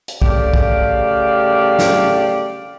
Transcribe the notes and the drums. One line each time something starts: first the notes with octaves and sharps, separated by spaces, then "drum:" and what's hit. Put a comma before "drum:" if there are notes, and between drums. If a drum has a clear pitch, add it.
drum: hi-hat
C#3 A3 G4 D5 F5, drum: kick
drum: kick
drum: snare